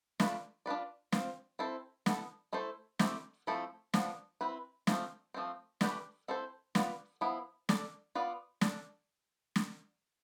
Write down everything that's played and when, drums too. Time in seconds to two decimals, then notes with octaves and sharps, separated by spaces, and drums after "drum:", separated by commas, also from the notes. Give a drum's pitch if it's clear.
0.20 A3 D4 F4 B4, drum: snare
0.66 D4 F4 B4 D5
1.12 C4 F4 C5, drum: snare
1.59 C4 E4 A4 C5
2.06 B3 E4 A4, drum: snare
2.53 A3 E4 A4 C5
2.99 A3 C4 E4 G4, drum: snare
3.47 F3 A3 C4 E4 A4
3.94 F3 B3 D4, drum: snare
4.41 C4 E4 B4
4.87 F3 A3 C4 F4, drum: snare
5.34 F3 A3 C4
5.81 E3 A3 D4 G4 B4, drum: snare
6.28 C4 E4 A4 C5
6.75 B3 F4 B4 D5, drum: snare
7.21 F3 B3 E4
7.69 D4 A4 D5, drum: snare
8.15 B3 F4 B4 D5
8.61 D4 A4 D5, drum: snare
9.56 drum: snare